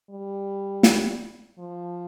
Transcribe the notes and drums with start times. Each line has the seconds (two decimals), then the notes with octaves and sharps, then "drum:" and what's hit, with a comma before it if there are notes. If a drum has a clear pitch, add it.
0.10 G3
0.83 drum: snare
1.58 F3